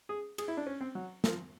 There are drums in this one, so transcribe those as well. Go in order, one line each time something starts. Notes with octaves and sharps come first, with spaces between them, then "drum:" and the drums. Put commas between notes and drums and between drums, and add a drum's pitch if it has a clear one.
G#4
G#4, drum: cymbal
E4
D4
C#4
C4
F#3
F3, drum: snare